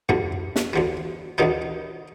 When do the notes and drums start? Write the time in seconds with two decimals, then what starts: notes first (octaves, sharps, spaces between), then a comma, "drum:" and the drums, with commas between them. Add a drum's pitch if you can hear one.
0.09 D2 D3 G3, drum: tom
0.56 drum: snare
0.73 D2 D3 G3
1.38 D2 D3 D#3 G3 D#4